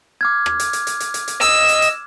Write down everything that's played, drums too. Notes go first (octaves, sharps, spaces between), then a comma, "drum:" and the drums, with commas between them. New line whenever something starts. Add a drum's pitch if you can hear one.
D6 F6 G#6
drum: rim click
drum: hi-hat
drum: hi-hat
drum: hi-hat
drum: hi-hat
drum: hi-hat
drum: hi-hat
D#5 E6, drum: hi-hat
drum: hi-hat
drum: hi-hat